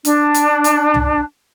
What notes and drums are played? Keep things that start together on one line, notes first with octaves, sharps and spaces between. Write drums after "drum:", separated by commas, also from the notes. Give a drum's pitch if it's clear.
D4, drum: hi-hat
drum: hi-hat
drum: hi-hat
drum: tom C2